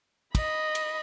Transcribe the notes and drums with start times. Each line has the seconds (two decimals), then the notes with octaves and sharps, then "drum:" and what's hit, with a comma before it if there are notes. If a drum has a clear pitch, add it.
0.35 D#5 B5, drum: kick, cymbal
0.75 drum: cymbal